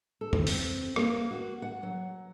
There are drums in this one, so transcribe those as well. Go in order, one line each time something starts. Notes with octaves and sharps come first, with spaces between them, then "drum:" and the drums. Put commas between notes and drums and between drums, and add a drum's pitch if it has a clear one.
A4
C4, drum: tom
drum: open hi-hat
A#3, drum: rim click
F#4
F#5
F#3